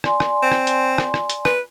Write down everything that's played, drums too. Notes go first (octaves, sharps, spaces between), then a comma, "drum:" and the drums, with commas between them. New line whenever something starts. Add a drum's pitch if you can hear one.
D5 G#5 C6, drum: rim click
drum: rim click
C4
drum: rim click
drum: hi-hat
drum: rim click
drum: rim click
drum: hi-hat
B4, drum: rim click